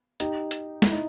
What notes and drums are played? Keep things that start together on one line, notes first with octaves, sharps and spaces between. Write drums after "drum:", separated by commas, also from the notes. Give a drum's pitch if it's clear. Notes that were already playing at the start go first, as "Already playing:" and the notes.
D#4 G4, drum: hi-hat
drum: hi-hat
E4, drum: snare
D#4